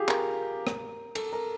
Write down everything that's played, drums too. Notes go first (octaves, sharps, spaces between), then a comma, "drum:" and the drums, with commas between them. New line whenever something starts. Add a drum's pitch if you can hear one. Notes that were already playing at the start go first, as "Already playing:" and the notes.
Already playing: F4 G4 G#4
A#4, drum: clap
drum: rim click
A4, drum: cymbal
A#4